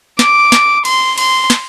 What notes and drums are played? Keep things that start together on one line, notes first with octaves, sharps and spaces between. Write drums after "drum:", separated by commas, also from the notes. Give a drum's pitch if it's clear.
D6, drum: snare
drum: snare
C6, drum: cymbal
C6, drum: cymbal
drum: snare